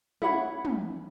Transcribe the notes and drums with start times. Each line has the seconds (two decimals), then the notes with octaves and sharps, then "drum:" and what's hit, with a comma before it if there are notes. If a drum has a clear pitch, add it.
0.22 E4 C#5 F#5 B5, drum: tom
0.65 drum: tom